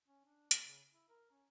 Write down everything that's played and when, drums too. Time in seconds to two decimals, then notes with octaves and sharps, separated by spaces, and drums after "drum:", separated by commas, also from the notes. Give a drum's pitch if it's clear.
0.08 C#4
0.24 D4
0.51 A#3, drum: hi-hat
0.65 C#3
0.92 E4
1.09 A#4
1.31 C#4